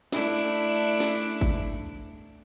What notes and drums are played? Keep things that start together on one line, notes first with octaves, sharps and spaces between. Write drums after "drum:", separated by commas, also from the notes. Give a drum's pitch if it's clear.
A3 D4 E4, drum: snare
drum: snare
drum: kick G#1